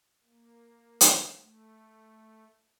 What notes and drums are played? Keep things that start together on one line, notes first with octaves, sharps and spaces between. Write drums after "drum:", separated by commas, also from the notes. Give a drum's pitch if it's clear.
A#3
drum: hi-hat
A3